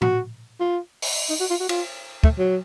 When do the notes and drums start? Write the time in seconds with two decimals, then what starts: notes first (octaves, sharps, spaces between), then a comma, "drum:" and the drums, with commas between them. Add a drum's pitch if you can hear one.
0.02 F#4, drum: tom A2
0.60 F4
1.02 drum: open hi-hat
1.30 D#4
1.40 F#4
1.50 F4
1.60 F#4
1.69 F4, drum: cymbal
2.24 A3, drum: kick
2.39 F#3